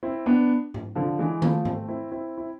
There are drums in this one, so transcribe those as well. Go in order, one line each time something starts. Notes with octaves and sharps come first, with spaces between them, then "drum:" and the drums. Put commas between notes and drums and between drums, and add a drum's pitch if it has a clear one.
C4 E4
B3 D4
drum: tom G#2
D3 F3
E3 G#3
F3 A3, drum: tom D#3
A3 C4, drum: tom G#2
C4 E4
C4 E4
E4